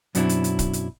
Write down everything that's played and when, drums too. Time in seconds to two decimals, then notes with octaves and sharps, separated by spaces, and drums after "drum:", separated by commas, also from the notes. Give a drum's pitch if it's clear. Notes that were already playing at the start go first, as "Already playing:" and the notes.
0.15 F#2 B2 F#3 C4 D4 E4, drum: hi-hat
0.29 drum: hi-hat
0.44 drum: hi-hat
0.59 drum: kick, hi-hat
0.73 drum: hi-hat